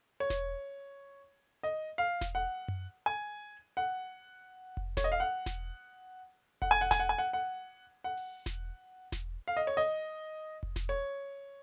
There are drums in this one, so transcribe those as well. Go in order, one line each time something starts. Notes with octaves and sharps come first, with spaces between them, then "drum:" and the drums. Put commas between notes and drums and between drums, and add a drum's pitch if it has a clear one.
C#5
drum: snare E1
D#5, drum: hi-hat
F5
drum: snare E1
F#5
drum: tom F#2
G#5
F#5
drum: kick F1
C#5, drum: snare E1
D#5
F5
F#5
drum: snare E1
F#5, drum: kick F1
G#5
F#5
G#5, drum: snare E1
F#5
G#5
F#5
F#5
F#5
drum: open hi-hat
drum: snare E1
drum: snare E1
F5
D#5
C#5
D#5
drum: kick F1
drum: snare E1
C#5, drum: hi-hat